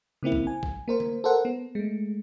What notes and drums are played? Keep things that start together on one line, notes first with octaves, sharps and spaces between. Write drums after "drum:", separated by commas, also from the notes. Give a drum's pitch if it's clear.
C#3 A#3 C4 E4
drum: kick A#1
G#5
drum: kick A#1
A#3 A#4 C5
drum: tom D3
A4 A#4 C5 F#5
B3
G#3 A3